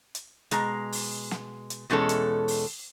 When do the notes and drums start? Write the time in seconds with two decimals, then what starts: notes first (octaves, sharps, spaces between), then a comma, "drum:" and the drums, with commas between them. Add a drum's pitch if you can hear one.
0.15 drum: hi-hat
0.51 B2 G#3 A#5, drum: hi-hat
0.92 drum: open hi-hat
1.31 drum: snare
1.70 drum: hi-hat
1.90 E2 B2 G#3 C#4 A4
2.09 drum: hi-hat
2.48 drum: open hi-hat